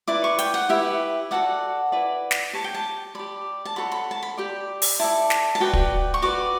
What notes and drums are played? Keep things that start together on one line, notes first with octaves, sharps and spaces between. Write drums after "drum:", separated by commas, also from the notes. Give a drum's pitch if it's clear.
E4 B4 D5 D6
C#6
G5, drum: hi-hat
F#5
E4 G4 B4 E5
F#4 A4 D5 F#5
E4 B4 D5
drum: snare
G4 C#5 A5
G5
A5
G4 D5 B5
A5
F#4 A4 C#5 B5
B5
A5
B5
G4 D5 B5
drum: open hi-hat
E4 A4 D5 A5
drum: snare
A5
F#4 B4 D5 G5
drum: kick
C#6
F#4 B4 D5 D6